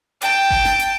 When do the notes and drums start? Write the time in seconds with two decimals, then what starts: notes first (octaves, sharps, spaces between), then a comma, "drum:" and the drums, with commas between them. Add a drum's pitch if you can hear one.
0.22 G5 A5, drum: hi-hat
0.51 drum: kick G1
0.65 drum: snare
0.79 drum: hi-hat